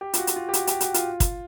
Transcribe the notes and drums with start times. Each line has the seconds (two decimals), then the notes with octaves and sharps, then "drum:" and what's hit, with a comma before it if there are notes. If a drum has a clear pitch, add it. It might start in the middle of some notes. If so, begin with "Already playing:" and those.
0.01 G4
0.14 F4, drum: hi-hat
0.18 F#4
0.27 drum: hi-hat
0.36 F4
0.49 G4
0.54 F#4, drum: hi-hat
0.67 G4, drum: hi-hat
0.81 F#4, drum: hi-hat
0.94 F4, drum: hi-hat
1.20 drum: kick, hi-hat